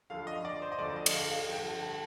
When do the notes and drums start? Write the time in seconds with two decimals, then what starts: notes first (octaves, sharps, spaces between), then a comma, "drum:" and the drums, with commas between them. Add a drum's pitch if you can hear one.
0.10 D2 D3 F3 F5
0.27 D#5
0.45 D5
0.62 C5
0.72 D#5
0.79 D2 D3 F3 D5
0.96 D#5
1.06 D#5, drum: cymbal
1.13 F5
1.31 F5
1.48 G2 D3 F3 G5
1.66 A5
1.83 A5